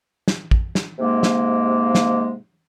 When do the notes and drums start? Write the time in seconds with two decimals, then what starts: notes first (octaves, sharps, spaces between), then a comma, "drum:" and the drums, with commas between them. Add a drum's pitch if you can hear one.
0.28 drum: snare
0.51 drum: kick
0.75 drum: snare
0.99 G#2 C3 G#3 A#3
1.23 drum: snare
1.95 drum: snare